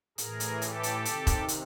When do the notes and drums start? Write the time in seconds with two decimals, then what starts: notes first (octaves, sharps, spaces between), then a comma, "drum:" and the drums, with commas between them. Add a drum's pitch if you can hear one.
0.18 A2 E3 G#4 A#4, drum: hi-hat
0.40 drum: hi-hat
0.62 G4 A4, drum: hi-hat
0.83 drum: hi-hat
1.05 C3 D#3, drum: hi-hat
1.27 drum: kick E1, hi-hat
1.48 drum: hi-hat